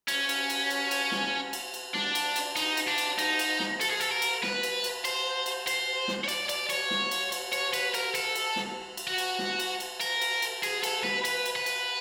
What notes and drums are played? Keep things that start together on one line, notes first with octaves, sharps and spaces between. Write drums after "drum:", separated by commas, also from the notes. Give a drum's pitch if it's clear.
C#4, drum: cymbal
drum: cymbal
drum: cymbal
drum: cymbal
drum: cymbal
drum: snare
drum: cymbal
drum: cymbal
D4, drum: snare
drum: cymbal
drum: cymbal
D#4, drum: cymbal
drum: cymbal
D4
drum: cymbal
D#4, drum: cymbal
drum: cymbal
drum: snare
A4, drum: cymbal
G#4
A4, drum: cymbal
A#4
drum: cymbal
B4, drum: snare
drum: cymbal
drum: cymbal
C5, drum: cymbal
drum: cymbal
C5, drum: cymbal
drum: snare
C#5
D5, drum: cymbal
D5, drum: cymbal
C#5, drum: cymbal
drum: snare
drum: cymbal
drum: cymbal
C#5, drum: cymbal
B4, drum: cymbal
A#4, drum: cymbal
A4, drum: cymbal
drum: cymbal
drum: snare
drum: cymbal
F#4
drum: cymbal
drum: snare
drum: cymbal
drum: cymbal
A#4, drum: cymbal
drum: cymbal
drum: cymbal
G#4, drum: cymbal
A4, drum: cymbal
B4, drum: snare
B4, drum: cymbal
drum: cymbal
B4
drum: cymbal